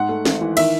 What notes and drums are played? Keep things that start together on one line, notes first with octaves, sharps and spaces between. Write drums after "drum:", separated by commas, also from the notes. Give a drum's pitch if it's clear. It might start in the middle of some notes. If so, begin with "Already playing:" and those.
Already playing: G#2 F#5
A3
G#1, drum: snare
E3
D#3 E5, drum: cymbal